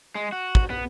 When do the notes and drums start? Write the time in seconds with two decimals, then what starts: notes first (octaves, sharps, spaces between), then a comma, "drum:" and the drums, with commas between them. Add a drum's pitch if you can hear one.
0.15 G#3
0.32 F#4
0.55 drum: kick
0.70 B3